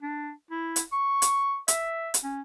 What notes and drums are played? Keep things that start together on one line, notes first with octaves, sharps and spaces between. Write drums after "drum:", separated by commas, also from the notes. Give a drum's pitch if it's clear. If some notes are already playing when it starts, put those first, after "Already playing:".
D4
E4
drum: hi-hat
C#6
drum: hi-hat
E5, drum: hi-hat
drum: hi-hat
C#4